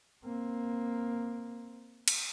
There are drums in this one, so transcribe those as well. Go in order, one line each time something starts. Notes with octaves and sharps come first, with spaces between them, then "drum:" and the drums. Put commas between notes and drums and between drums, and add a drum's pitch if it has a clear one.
A#3 C4
drum: cymbal